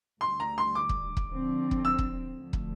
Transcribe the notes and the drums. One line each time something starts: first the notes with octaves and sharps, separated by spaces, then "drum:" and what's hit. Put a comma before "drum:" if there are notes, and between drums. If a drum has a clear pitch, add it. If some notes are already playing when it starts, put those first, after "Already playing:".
D2 D3 G3 C6
A#5
C6
D6
drum: kick
drum: kick
D3 F3 C4
drum: kick
E6
drum: kick
D2 D3 F3 A3
drum: kick